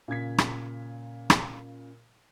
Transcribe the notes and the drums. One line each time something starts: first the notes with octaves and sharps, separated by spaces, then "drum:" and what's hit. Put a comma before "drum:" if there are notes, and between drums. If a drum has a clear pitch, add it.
A#2 C#3 G#6 B6
drum: rim click
drum: rim click